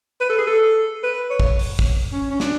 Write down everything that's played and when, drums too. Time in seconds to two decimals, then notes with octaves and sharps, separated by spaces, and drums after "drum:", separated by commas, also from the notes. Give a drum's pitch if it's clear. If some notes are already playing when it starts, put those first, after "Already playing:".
0.21 B4
0.29 A4
0.38 G#4
0.47 A4
1.03 B4
1.30 C#5
1.40 drum: kick
1.59 drum: open hi-hat
1.79 drum: kick
2.12 C#4
2.30 C#4
2.40 D4, drum: snare